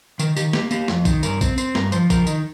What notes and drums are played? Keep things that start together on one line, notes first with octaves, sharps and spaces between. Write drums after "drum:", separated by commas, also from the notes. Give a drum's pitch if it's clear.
D#3 A#4, drum: tambourine
D#3 G4, drum: tambourine
A#3 G4, drum: snare
A#3 G4, drum: tambourine
F2, drum: snare
D#3, drum: kick, tambourine
G2 A#4, drum: tambourine
C4, drum: kick, tambourine
C4, drum: tambourine
G2 A#4, drum: snare
F3 C5, drum: tambourine
F3 A#4, drum: kick, tambourine
D#3, drum: tambourine